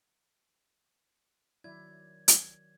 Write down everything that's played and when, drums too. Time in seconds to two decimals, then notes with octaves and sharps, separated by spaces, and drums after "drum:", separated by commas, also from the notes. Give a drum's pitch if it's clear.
1.64 D#3 F#3 E4 D5 G#6
2.28 drum: hi-hat